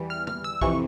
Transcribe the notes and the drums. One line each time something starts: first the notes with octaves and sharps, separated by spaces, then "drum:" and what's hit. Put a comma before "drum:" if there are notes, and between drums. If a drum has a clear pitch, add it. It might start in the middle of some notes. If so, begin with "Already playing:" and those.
Already playing: E2 E3 G3
F6
F6, drum: tom
E6
F2 C3 E3 C#6, drum: kick B1